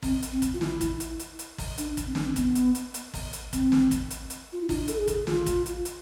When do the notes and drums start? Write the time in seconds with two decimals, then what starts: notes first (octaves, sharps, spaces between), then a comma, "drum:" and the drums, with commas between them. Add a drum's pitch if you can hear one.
0.03 C4, drum: kick, open hi-hat
0.23 drum: hi-hat
0.32 C4
0.42 drum: kick, hi-hat
0.54 F4
0.61 E4, drum: snare
0.81 drum: kick, hi-hat
1.00 drum: hi-hat
1.20 drum: hi-hat
1.39 drum: hi-hat
1.58 drum: kick, open hi-hat
1.78 D4, drum: hi-hat
1.97 drum: kick, hi-hat
2.07 C4
2.15 D4, drum: snare
2.24 C4
2.36 B3, drum: kick, hi-hat
2.55 drum: hi-hat
2.75 drum: hi-hat
2.94 drum: hi-hat
3.14 drum: kick, open hi-hat
3.33 drum: hi-hat
3.53 C4, drum: kick, hi-hat
3.72 drum: snare
3.91 drum: kick, hi-hat
4.11 drum: hi-hat
4.30 drum: hi-hat
4.53 F4
4.61 E4
4.69 D4, drum: kick, open hi-hat
4.88 A4, drum: hi-hat
4.98 G#4
5.08 drum: kick, hi-hat
5.27 F4, drum: snare
5.46 drum: kick, hi-hat
5.66 drum: hi-hat
5.85 drum: hi-hat